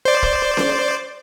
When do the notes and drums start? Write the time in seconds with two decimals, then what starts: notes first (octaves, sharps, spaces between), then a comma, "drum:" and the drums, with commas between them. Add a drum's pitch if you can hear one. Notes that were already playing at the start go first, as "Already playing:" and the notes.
0.05 C5 D5
0.23 drum: kick
0.57 drum: snare C#4